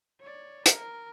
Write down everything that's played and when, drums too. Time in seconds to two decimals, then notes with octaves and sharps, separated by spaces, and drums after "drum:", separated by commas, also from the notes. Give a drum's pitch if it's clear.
0.20 C#5 D5
0.66 A#4, drum: hi-hat